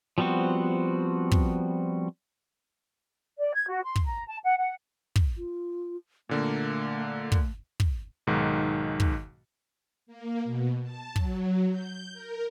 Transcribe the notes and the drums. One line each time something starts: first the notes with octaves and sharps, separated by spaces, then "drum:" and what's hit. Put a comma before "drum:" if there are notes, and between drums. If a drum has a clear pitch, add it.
F3 G3 B3 C4 F#4
drum: kick
D5
G#6
F#4
C6
drum: kick
A#5
A5
F#5
F#5
drum: kick
F4
A#2 D3 A3 A#3
drum: kick
drum: kick
B1 G#2 D#3
drum: kick
A#3
B2
A5
F#3, drum: kick
G6
A#4